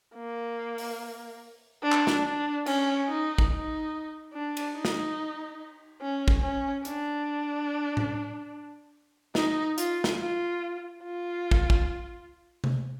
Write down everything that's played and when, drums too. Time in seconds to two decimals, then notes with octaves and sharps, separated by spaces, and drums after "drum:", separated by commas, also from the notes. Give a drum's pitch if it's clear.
0.16 A#3
0.78 drum: open hi-hat
1.83 D4
1.92 drum: clap
2.07 drum: snare
2.24 D4
2.66 C#4, drum: cymbal
3.08 D#4
3.38 drum: kick
3.51 D#4
4.33 D4
4.57 drum: cymbal
4.76 D#4
4.85 drum: snare
6.01 C#4
6.28 drum: kick
6.42 C#4
6.85 D4, drum: hi-hat
7.97 drum: tom A2
9.35 D#4, drum: snare
9.78 F4, drum: hi-hat
10.04 drum: snare
10.19 F4
11.03 F4
11.51 drum: kick
11.70 drum: kick
12.64 drum: tom C3